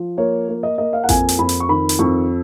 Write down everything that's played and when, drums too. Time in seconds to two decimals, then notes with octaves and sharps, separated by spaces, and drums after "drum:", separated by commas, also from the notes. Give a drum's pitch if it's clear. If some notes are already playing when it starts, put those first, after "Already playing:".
Already playing: F3
0.17 A#3 C#5
0.48 A#3
0.63 D#5
0.78 A#3 D#5
0.93 F5
1.04 F#5
1.09 F2 G#5, drum: kick A1, hi-hat
1.29 drum: hi-hat
1.39 F2 B5
1.49 drum: hi-hat
1.60 C#6
1.69 D#3 B5
1.89 drum: hi-hat
1.99 F2 C#6